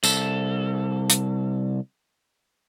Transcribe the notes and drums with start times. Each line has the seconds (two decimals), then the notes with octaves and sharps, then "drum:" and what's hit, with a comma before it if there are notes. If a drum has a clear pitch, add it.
0.04 C2 A4, drum: tambourine
1.10 drum: hi-hat